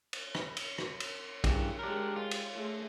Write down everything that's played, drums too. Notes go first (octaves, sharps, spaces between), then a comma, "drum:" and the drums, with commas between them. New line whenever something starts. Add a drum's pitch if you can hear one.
drum: cymbal
drum: rim click
drum: cymbal
drum: rim click
drum: cymbal
G2 C#3 E3 G#4, drum: kick A#1, cymbal
G#3 D4 G4 A#4
F4
drum: cymbal
A3 G#4